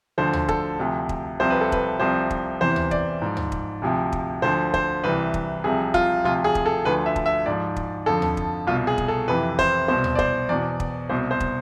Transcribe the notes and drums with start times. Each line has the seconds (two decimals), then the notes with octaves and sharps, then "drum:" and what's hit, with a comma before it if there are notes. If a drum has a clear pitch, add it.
0.18 D2 D3 F3 C5
0.33 drum: tom
0.49 A4, drum: kick
0.79 D2 C3 F3
1.09 drum: kick
1.40 C2 C3 F3 C5
1.50 B4
1.61 A4
1.72 B4, drum: kick
2.00 C2 C3 F3 C5
2.30 drum: kick
2.61 E2 C3 E3 C5
2.76 drum: tom
2.91 D5, drum: kick
3.22 G#2 F3
3.37 drum: tom
3.52 drum: kick
3.82 D2 C3 F3
4.12 drum: kick
4.42 D2 D3 F3 C5
4.74 C5, drum: kick
5.04 C2 C3 E3 B4
5.34 drum: kick
5.64 C2 C3 F3 G#4
5.94 F4, drum: kick
6.24 D2 C3 F3 F4
6.44 G#4
6.55 drum: kick
6.66 A4
6.85 D2 D3 F3 B4
7.06 E5
7.16 drum: kick
7.26 E5
7.46 G#2 F3 D5
7.76 drum: kick
8.06 F2 D3 F3 A4
8.22 drum: tom
8.37 drum: kick
8.67 C2 B2 F4
8.87 G#4
8.98 drum: kick
9.08 A4
9.28 F2 C3 E3 B4
9.59 C5, drum: kick
9.88 C2 B2 C5
10.04 drum: tom
10.15 D5
10.19 C5, drum: kick
10.49 E2 B2 D5
10.80 drum: kick
11.09 C2 B2 C5
11.31 C5
11.40 drum: kick